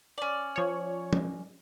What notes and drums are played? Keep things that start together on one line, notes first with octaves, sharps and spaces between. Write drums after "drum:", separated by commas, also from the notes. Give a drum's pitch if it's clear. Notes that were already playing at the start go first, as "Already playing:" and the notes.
C#4 D5
F3 C#5
drum: tom F3